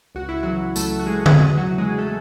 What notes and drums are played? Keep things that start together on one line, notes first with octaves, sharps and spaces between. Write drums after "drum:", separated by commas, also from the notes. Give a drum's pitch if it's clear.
C#2 F#4
E4
C#3 E3 F#3 F#4
C#2 A3 A4, drum: tambourine
F#4
C#3 E3 G#3 G#4
G#4, drum: tom
E2 F#3 F#4
F#3 F#4
C#3 E3
G#3 G#4
A3 A4